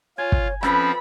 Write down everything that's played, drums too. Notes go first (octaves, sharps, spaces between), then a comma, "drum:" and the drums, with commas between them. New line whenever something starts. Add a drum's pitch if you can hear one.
F4 C#5 G#5
drum: kick
F3 C4 C#4 A4 B4 D#5 B5, drum: rim click